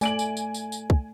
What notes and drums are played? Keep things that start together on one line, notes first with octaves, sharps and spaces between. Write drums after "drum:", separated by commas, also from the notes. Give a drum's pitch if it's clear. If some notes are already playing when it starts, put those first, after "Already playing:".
A3 D5 G#5 D7 F#7, drum: tambourine
drum: tambourine
drum: tambourine
drum: tambourine
drum: tambourine
drum: kick